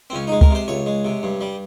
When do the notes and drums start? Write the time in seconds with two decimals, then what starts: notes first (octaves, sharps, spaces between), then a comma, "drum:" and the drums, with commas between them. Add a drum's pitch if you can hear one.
0.10 C4
0.13 C#2 C#4
0.27 D#4
0.32 G#3
0.41 A#4, drum: kick C#2
0.51 C3 C5
0.68 C#2 C#5
0.86 G#3
1.05 C3
1.23 G2
1.41 G3